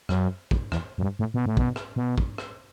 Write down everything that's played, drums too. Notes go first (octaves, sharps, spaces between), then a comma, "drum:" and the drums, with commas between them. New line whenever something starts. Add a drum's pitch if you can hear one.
F#2, drum: rim click
drum: kick
E2, drum: rim click
F#2
G2
A2
B2
A2
B2, drum: kick
drum: rim click
B2
drum: kick
drum: rim click